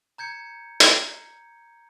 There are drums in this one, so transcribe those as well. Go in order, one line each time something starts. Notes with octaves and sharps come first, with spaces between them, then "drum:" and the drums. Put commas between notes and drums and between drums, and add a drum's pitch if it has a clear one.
A#5 G6 G#6 C#7
drum: hi-hat